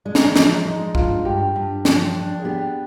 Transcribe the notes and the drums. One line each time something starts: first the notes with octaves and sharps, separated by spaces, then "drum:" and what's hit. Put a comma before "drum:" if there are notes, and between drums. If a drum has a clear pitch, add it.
G#3 D4
D#4, drum: snare
D4
F3, drum: snare
G#3 D#4
G2 F4, drum: kick
G2 G4
G2
F3, drum: snare
D4
G#4
B3 G4